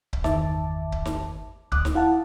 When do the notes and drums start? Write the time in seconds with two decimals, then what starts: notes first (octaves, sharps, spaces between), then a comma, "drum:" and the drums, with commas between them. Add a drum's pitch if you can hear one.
0.13 drum: kick C#1
0.24 G1 E2 D#3 E5 A5 D6, drum: snare
0.92 drum: kick C#1
1.05 drum: snare
1.72 D2 D6 D#6 F#6, drum: kick C#1
1.85 drum: snare
1.94 E4 F5 F#5 A5